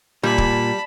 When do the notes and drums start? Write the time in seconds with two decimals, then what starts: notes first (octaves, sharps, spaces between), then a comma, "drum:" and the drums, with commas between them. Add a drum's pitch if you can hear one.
0.23 A#2 G3 A5 B5
0.38 drum: kick D1